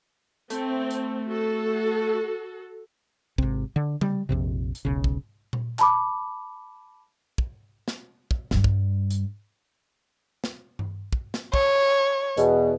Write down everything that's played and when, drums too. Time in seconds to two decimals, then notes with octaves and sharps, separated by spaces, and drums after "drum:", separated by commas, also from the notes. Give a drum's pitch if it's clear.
0.50 A3 C4, drum: hi-hat
0.91 drum: hi-hat
1.30 F#4 A4
3.38 G#1 C3, drum: kick
3.76 D3
4.01 G3, drum: tom C#3
4.29 A#1 F2 C3
4.75 drum: hi-hat
4.85 E1 B1 C#3
5.04 drum: kick
5.53 drum: tom A#2
5.79 A5 B5 D6, drum: clap
7.38 drum: kick
7.88 drum: snare
8.31 drum: kick
8.51 G2 G3, drum: snare
8.64 drum: kick
9.10 drum: hi-hat
10.44 drum: snare
10.79 drum: tom G2
11.13 drum: kick
11.34 drum: snare
11.54 C#5, drum: kick
12.37 E2 B2, drum: hi-hat